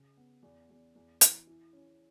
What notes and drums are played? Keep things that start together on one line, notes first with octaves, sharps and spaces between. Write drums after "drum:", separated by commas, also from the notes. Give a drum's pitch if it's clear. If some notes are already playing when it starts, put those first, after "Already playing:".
Already playing: C#3
B3
E2
E2
E2
E3, drum: hi-hat
E4
C#4